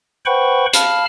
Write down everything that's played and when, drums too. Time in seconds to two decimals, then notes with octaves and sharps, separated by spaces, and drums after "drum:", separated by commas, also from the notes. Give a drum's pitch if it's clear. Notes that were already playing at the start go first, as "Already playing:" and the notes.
0.26 B4 C5 F#5 G5 B5 C#6
0.73 F5 A5 B5 F6, drum: hi-hat